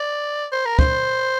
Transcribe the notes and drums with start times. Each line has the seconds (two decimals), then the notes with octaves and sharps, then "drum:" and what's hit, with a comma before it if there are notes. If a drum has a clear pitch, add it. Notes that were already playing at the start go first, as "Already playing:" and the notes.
Already playing: D5
0.52 C5
0.65 A#4
0.79 C5, drum: kick